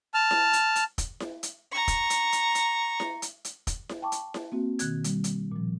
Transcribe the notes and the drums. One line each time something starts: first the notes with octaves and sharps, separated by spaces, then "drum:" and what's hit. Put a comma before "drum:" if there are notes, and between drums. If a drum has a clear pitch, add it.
A5 F6
drum: snare E4
drum: hi-hat
drum: hi-hat
drum: kick, hi-hat
drum: snare E4
drum: hi-hat
A#5 C#6
drum: kick, hi-hat
drum: hi-hat
drum: hi-hat
drum: hi-hat
drum: snare E4
drum: hi-hat
drum: hi-hat
drum: kick, hi-hat
drum: snare E4
G5 A5 C#6 D6
drum: hi-hat
drum: snare E4
A#3 C4 F#4
B2 D#3 F#6 G#6, drum: hi-hat
G3, drum: hi-hat
drum: hi-hat
A#2 F3